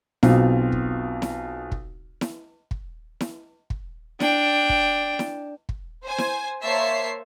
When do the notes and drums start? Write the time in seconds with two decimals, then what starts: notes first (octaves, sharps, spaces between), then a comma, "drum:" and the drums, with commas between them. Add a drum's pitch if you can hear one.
0.23 B1 B2 C4 F4, drum: snare E4
0.72 drum: kick
1.22 drum: snare E4
1.72 drum: kick
2.21 drum: snare E4
2.71 drum: kick
3.21 drum: snare E4
3.70 drum: kick
4.20 D4 G5, drum: snare E4
4.69 drum: kick
5.19 drum: snare E4
5.69 drum: kick
6.03 C5 G#5
6.18 drum: snare E4
6.61 A#3 C5 C#5 E5 A5 C7